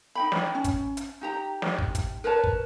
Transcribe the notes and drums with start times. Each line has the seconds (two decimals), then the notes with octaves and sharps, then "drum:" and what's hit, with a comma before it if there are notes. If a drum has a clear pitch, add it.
0.15 D#4 G5 B5
0.32 drum: snare
0.55 C#4
0.64 drum: kick, hi-hat
0.97 drum: hi-hat
1.21 D#4 G4 A#5
1.62 drum: snare
1.78 drum: kick
1.95 drum: kick, hi-hat
2.24 A#4 B4 C#5 A5
2.44 drum: kick